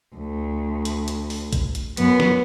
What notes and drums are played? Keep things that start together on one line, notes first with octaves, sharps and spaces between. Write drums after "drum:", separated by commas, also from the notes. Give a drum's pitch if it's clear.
D2
drum: hi-hat
drum: hi-hat
drum: open hi-hat
drum: kick A1, hi-hat
drum: hi-hat
F#2 B3, drum: hi-hat
drum: snare